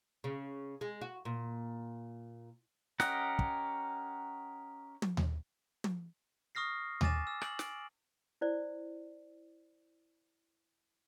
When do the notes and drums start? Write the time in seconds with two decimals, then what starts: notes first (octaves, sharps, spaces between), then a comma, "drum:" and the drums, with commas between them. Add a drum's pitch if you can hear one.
0.24 C#3
0.81 G#3
1.01 F#4
1.25 A#2
3.00 C#4 G4 A#4 D#5 F#5, drum: snare
3.39 drum: kick
5.02 drum: tom
5.17 drum: tom D#2
5.84 drum: tom
6.55 C#6 D#6 F6 A#6 C7
7.01 G#5 D6 A6 E7, drum: tom D#2
7.27 E6
7.42 F#7, drum: rim click
7.59 D7, drum: snare
8.41 E4 C5 D5